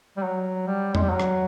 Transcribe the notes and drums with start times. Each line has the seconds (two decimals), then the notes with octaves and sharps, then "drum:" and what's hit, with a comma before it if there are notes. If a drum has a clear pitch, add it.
0.17 G3
0.24 F#3
0.67 G3
0.95 G#3, drum: tom E2
1.02 G3
1.09 F#3
1.20 drum: rim click